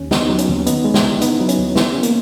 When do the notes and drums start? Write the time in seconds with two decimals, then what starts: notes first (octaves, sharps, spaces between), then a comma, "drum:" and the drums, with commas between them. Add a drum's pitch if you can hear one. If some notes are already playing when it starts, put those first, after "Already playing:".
Already playing: D#2 C#4
0.11 B3 D#4, drum: snare
0.29 F#3
0.38 C#4, drum: hi-hat
0.49 D#2
0.66 B3 D#4, drum: hi-hat
0.84 G#3
0.94 E4, drum: snare
1.02 C#2
1.21 B3 D#4, drum: hi-hat
1.39 F#3 D#4
1.49 C#4, drum: hi-hat
1.58 D#2
1.76 B3 E4, drum: snare
1.94 C#4
2.03 A#3, drum: hi-hat